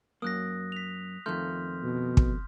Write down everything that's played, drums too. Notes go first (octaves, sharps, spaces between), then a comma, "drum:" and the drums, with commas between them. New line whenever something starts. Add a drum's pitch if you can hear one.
F#2 A#3 D#6 F#6 A#6
B6 F7
F2 D#3 A3 C6 F6 G6
B2
drum: kick